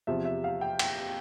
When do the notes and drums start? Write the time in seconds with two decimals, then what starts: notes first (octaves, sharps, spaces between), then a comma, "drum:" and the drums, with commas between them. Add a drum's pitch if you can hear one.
0.07 E2 C3 F3 E5
0.25 E5
0.44 F5
0.61 G5
0.79 G5, drum: cymbal